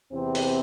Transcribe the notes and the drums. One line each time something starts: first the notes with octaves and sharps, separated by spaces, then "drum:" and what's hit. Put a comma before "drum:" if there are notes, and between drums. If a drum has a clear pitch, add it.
E2 C3 E3 C4
drum: open hi-hat